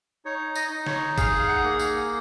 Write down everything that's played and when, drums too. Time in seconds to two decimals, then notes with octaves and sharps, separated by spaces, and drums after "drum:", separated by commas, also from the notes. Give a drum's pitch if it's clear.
0.25 D#4 C#5
0.55 D#5, drum: tambourine
0.71 D#4
0.86 C#5, drum: snare
1.18 G#4 F5, drum: kick, tambourine
1.39 F5
1.48 F#5
1.64 A#3
1.79 drum: tambourine